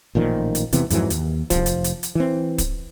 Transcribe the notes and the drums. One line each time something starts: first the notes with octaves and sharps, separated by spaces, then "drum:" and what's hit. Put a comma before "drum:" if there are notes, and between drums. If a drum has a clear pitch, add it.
A1 A#2 D#3 F3
drum: hi-hat
E1 C3 E3 B3, drum: hi-hat
F2 G#2 E3 F#3, drum: hi-hat
D#2, drum: hi-hat
F1 A#1 F3, drum: kick, hi-hat
drum: hi-hat
drum: hi-hat
drum: hi-hat
E3 C4
drum: kick, hi-hat